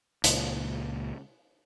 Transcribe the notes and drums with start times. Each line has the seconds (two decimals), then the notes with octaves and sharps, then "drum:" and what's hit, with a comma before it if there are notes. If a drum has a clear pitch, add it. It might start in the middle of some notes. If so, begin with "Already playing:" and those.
0.24 C#2 A#2, drum: hi-hat